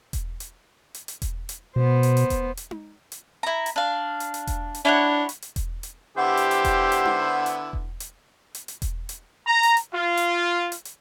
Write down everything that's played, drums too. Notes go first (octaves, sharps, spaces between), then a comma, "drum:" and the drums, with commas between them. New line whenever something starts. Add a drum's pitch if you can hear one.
drum: kick E1, hi-hat
drum: hi-hat
drum: hi-hat
drum: hi-hat
drum: kick E1, hi-hat
drum: hi-hat
B2 B3 C5
drum: hi-hat
drum: hi-hat
drum: kick E1, hi-hat
drum: hi-hat
drum: tom D#4
drum: hi-hat
E4 A#5
drum: hi-hat
D4 F5
drum: hi-hat
drum: hi-hat
drum: kick E1, hi-hat
drum: hi-hat
D4 E4 C#5 F#5
drum: hi-hat
drum: hi-hat
drum: kick E1, hi-hat
drum: hi-hat
D3 B3 E4 G4 C5 F#5
drum: hi-hat
drum: hi-hat
drum: kick E1, hi-hat
drum: hi-hat
drum: tom D#4
drum: hi-hat
drum: kick E1
drum: hi-hat
drum: hi-hat
drum: hi-hat
drum: kick E1, hi-hat
drum: hi-hat
A#5
drum: hi-hat
drum: hi-hat
F4
drum: hi-hat
drum: hi-hat
drum: hi-hat